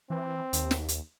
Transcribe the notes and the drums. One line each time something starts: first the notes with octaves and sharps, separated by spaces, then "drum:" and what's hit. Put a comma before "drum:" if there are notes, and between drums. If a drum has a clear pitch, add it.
E3 C4
D#2, drum: hi-hat
drum: snare
drum: hi-hat